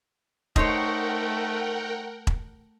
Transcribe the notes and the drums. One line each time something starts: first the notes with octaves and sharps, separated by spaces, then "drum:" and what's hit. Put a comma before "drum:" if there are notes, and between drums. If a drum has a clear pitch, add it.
A3 D#4 A#4 C5 C#5 F#5 G5, drum: kick E1
drum: kick E1